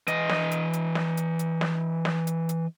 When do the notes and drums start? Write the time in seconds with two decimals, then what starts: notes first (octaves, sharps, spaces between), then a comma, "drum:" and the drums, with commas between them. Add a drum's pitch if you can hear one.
0.08 E3 D#5, drum: hi-hat
0.29 drum: snare
0.51 drum: hi-hat
0.73 drum: hi-hat
0.95 drum: snare
1.17 drum: hi-hat
1.39 drum: hi-hat
1.61 drum: snare
2.05 drum: snare
2.27 drum: hi-hat
2.49 drum: hi-hat